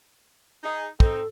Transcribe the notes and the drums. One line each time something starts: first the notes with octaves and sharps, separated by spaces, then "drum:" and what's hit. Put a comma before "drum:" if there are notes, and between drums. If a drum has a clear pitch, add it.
D#4 G#4
C4 D#4 A4, drum: kick